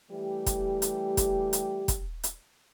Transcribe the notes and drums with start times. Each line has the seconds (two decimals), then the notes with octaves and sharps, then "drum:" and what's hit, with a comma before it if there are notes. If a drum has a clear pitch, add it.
0.11 E3 G3 A3 G4
0.46 drum: kick, hi-hat
0.82 drum: hi-hat
1.17 drum: kick, hi-hat
1.53 drum: hi-hat
1.88 drum: kick, hi-hat
2.24 drum: hi-hat